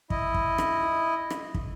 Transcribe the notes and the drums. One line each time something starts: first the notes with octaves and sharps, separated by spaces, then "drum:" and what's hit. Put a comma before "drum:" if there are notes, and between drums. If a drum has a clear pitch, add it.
E4 D#5, drum: kick
drum: kick
drum: rim click
drum: rim click
drum: kick